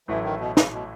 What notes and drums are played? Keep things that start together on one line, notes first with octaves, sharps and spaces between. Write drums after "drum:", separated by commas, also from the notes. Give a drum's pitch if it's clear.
A1 A2 E3 F#3 A3 E4
D#3
B2
C#3, drum: snare
B2